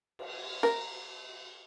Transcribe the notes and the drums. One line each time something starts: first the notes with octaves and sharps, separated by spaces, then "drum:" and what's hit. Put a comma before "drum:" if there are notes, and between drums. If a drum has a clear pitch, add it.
drum: cymbal
A#4, drum: snare